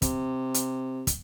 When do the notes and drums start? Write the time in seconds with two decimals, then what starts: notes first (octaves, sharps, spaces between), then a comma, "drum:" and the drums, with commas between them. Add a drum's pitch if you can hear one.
0.02 C3, drum: kick, hi-hat
0.54 drum: hi-hat
1.07 drum: kick, hi-hat